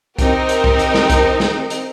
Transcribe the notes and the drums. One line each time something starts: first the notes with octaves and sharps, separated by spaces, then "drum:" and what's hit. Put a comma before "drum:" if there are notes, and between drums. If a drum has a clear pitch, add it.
C4 D#4 G4 A#4, drum: kick, hi-hat
drum: hi-hat
drum: kick
drum: hi-hat
drum: snare
drum: kick, hi-hat
drum: snare
drum: hi-hat